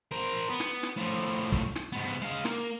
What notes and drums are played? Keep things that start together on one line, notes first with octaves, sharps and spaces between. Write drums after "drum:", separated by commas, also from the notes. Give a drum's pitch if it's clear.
A#4 C5
B3
drum: snare
drum: snare
A2 F3
drum: hi-hat
drum: kick, hi-hat
drum: snare
G#2 B3
G#3 F5, drum: hi-hat
A#3, drum: snare